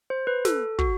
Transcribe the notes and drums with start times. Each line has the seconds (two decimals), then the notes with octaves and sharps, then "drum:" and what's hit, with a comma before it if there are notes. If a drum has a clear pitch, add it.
0.10 C5
0.27 B4
0.45 A4, drum: snare
0.79 F#4, drum: kick